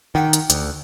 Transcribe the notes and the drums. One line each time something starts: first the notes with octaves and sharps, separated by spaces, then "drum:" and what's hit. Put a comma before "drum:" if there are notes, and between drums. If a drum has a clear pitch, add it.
D#3 G4 F#5 G5
drum: hi-hat
D2, drum: hi-hat